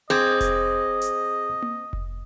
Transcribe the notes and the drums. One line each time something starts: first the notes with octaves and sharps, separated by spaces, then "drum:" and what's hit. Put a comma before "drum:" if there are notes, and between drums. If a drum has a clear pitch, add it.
C4 G#4 D#5 D6 G#6
drum: kick F1, hi-hat
drum: hi-hat
drum: tom A#3
drum: kick F1